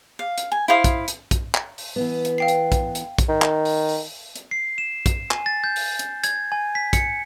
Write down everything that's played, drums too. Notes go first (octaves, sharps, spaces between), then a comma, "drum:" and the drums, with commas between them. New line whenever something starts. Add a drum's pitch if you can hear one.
F5
drum: hi-hat
G#5
E4 C5 F5 D#6
drum: kick, hi-hat
drum: hi-hat
drum: kick, hi-hat
drum: clap
drum: open hi-hat
E3 B3
drum: hi-hat
F5 G5 C7
drum: hi-hat
drum: kick, hi-hat
drum: hi-hat
drum: kick, hi-hat
D#3
drum: clap
drum: open hi-hat
drum: open hi-hat
drum: hi-hat
C7
E7
drum: kick, hi-hat
G#5, drum: clap
A6
G6
drum: open hi-hat
drum: hi-hat
G#6, drum: hi-hat
G#5
B6
C#7, drum: kick, hi-hat